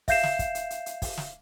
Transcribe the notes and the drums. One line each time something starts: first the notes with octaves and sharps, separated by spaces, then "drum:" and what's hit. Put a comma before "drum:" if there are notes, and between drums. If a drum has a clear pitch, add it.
E5 F5 G6 C7 E7, drum: kick, open hi-hat
drum: snare
drum: kick, hi-hat
drum: hi-hat
drum: hi-hat
drum: hi-hat
drum: kick, open hi-hat
drum: snare